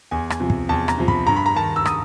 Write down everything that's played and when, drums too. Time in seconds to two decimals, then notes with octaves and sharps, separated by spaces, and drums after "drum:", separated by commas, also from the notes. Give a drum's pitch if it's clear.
0.11 E2 G#5
0.30 drum: rim click
0.40 C3 F3
0.50 drum: kick
0.69 E2 A5
0.88 A#5, drum: rim click
0.98 C3 F3
1.08 B5, drum: kick
1.27 G2 A#5
1.36 B5
1.46 A#5
1.55 D#3 A5
1.76 E6
1.85 D#6, drum: rim click